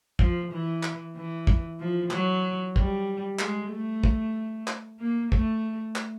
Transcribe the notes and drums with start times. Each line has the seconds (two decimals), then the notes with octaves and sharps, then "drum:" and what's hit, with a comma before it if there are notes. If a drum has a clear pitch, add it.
0.19 F3, drum: kick
0.51 E3
0.83 drum: clap
1.16 E3
1.47 drum: kick
1.80 F3
2.11 F#3, drum: clap
2.76 G3, drum: kick
3.39 G#3, drum: clap
3.71 A3
4.03 drum: kick
4.68 drum: clap
5.00 A#3
5.32 A3, drum: kick
5.96 drum: clap